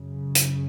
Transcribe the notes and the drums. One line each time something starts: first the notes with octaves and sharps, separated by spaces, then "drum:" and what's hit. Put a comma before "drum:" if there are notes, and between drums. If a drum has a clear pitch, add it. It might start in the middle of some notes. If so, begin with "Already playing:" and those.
Already playing: F#2 C#3
drum: hi-hat